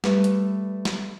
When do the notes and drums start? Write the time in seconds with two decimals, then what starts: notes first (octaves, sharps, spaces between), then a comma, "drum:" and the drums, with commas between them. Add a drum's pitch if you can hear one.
0.04 G3 A3 B4 E5, drum: snare
0.24 drum: hi-hat
0.85 drum: snare